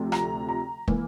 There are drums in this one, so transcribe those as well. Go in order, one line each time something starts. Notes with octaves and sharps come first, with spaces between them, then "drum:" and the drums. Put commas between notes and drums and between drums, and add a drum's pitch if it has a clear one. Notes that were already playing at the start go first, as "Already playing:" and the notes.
Already playing: D2 C3 F3 A3
A#5, drum: rim click
A#5
E3 A#3, drum: kick